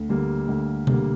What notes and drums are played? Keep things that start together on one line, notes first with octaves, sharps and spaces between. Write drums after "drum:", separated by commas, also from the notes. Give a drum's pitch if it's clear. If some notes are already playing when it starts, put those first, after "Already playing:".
Already playing: D2
D3 G3 A#3
D2
D3 G3 A#3, drum: tom B2